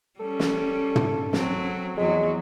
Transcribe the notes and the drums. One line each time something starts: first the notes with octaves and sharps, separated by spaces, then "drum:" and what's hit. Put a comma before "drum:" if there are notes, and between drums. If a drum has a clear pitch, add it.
G3 C#4 A4
drum: snare
drum: tom
F#3 C4, drum: snare
E2 F#3 G#3